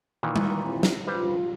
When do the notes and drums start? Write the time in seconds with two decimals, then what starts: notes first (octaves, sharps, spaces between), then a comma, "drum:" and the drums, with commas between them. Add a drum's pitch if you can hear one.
0.23 A#2 D#3 E3
0.36 drum: tom G3
0.63 C3 E4 F4
0.83 drum: snare
1.07 G3 F4 B4 C5